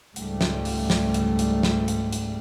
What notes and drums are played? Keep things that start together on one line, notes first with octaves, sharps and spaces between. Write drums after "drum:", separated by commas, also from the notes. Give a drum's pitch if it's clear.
C#2 G#2 G3 A3, drum: hi-hat
drum: snare
drum: open hi-hat
drum: snare
drum: hi-hat
drum: hi-hat
drum: snare
drum: hi-hat
drum: hi-hat